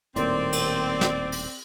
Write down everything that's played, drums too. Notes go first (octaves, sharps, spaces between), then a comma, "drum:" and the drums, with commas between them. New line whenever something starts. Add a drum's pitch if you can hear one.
D#1 D#2 A2 C4 A#4 D5 C6, drum: hi-hat
drum: cymbal
drum: snare
drum: open hi-hat